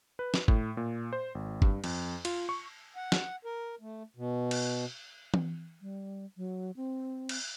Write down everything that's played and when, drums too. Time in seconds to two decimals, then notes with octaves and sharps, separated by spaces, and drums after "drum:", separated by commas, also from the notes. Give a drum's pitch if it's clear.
0.19 B4
0.34 drum: snare
0.48 A2, drum: kick G1
0.77 A#2
1.13 C5
1.35 G#1
1.62 G2, drum: kick G1
1.84 F2, drum: cymbal
2.25 F4, drum: cymbal
2.49 C#6
2.96 F#5
3.12 drum: snare
3.45 A#4
3.81 A3
4.16 B2
4.51 drum: cymbal
5.34 drum: tom E3
5.81 G3
6.37 F#3
6.76 C4
7.29 drum: cymbal